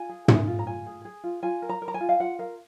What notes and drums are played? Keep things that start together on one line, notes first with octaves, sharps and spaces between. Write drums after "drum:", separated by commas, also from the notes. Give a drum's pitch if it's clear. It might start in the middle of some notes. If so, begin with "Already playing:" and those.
Already playing: F4 G#5
G#4
G#4, drum: tom
F4
A#5
F4 G#5
G#4
G#4
F4
F4 G#5
A#4
A#5
A#4
A#5
G#5
F4
F5
F4 F#5
A#4 F5